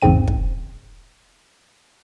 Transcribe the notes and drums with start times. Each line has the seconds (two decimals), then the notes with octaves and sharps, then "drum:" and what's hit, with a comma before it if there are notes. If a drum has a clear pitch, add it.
0.02 A1 E2 G#2 C#3 C4 D#7
0.27 drum: kick